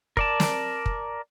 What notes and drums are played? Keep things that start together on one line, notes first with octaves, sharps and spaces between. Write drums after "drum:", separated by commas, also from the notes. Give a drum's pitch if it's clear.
A#4 D5 A5, drum: kick
drum: snare
drum: kick